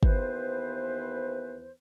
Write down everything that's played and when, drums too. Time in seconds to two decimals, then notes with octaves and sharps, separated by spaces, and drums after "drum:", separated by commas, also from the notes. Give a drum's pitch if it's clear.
0.03 D#2 E3 B3 B4 C5, drum: kick